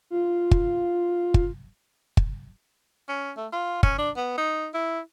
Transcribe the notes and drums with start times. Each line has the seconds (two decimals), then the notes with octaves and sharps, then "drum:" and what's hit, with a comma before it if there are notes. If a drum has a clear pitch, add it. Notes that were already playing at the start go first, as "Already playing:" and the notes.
0.10 F4
0.51 drum: kick
1.34 drum: kick
2.17 drum: kick
3.09 C#4
3.37 A3
3.53 F4
3.83 C#4, drum: kick
3.98 D4
4.17 B3
4.38 D#4
4.74 E4